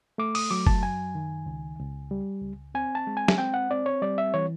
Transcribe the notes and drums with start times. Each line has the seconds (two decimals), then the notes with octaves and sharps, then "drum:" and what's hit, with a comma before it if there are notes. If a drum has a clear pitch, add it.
0.18 A3 D6
0.35 D#6, drum: open hi-hat
0.51 F#3 D6
0.67 A5, drum: kick F#1
0.83 F#2 G#5
1.15 D#3
1.46 C#2
1.79 C#2
2.11 G3
2.42 C#2
2.75 C4 G#5
2.95 A5
3.07 G#3
3.17 G#5
3.28 drum: snare
3.38 C4 G5
3.54 F#5
3.71 C4 D5
3.86 C#5
4.02 G3 D5
4.18 E5
4.34 E3 C#5